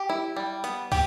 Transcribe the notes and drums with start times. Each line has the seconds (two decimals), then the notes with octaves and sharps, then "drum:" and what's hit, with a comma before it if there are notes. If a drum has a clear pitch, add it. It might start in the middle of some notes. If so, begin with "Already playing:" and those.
Already playing: G4
0.09 E4
0.36 G3
0.64 B3, drum: hi-hat
0.92 G4, drum: kick, open hi-hat